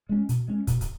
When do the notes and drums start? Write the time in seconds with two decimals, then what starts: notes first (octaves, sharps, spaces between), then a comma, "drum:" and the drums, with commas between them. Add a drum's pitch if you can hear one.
0.09 G#3 C#4
0.29 B2, drum: hi-hat
0.48 G#3 C#4
0.67 B2, drum: kick, hi-hat
0.81 drum: kick, hi-hat